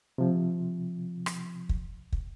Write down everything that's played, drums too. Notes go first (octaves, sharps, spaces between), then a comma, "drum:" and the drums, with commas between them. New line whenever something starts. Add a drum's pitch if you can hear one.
C3 F3
drum: rim click
drum: kick
drum: kick